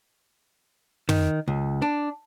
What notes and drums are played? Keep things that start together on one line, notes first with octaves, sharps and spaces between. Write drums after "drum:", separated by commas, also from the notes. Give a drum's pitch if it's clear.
D#3, drum: tom
C#2
D4